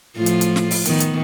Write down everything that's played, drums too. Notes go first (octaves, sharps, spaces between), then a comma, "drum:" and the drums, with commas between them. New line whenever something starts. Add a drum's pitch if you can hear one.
A2 F3 F4
drum: hi-hat
drum: hi-hat
drum: snare
drum: open hi-hat
D#3 B3, drum: hi-hat
drum: hi-hat